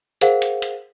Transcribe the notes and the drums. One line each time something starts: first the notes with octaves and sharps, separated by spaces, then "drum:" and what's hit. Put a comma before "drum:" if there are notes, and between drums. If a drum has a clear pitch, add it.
G#4 A#4 C5 F5 F#5, drum: hi-hat
drum: hi-hat
drum: hi-hat